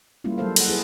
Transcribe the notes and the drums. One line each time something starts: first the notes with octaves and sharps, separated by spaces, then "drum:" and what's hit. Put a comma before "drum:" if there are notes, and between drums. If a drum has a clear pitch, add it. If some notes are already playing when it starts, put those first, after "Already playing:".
G3 G#3 A#3 C#4 E4 F4
F#3 G#3 A4 C5 F5
A4 F#5, drum: cymbal
E4 G#4 B4